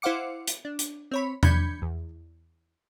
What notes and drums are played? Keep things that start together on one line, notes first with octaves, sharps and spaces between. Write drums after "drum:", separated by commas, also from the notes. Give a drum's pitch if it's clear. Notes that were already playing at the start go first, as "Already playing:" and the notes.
E4 C5 F5 F#5 D6 C#7
drum: hi-hat
D4
drum: hi-hat
C4 C#5 B5
D4 B5 G6 G#6 C#7, drum: tom E2
E2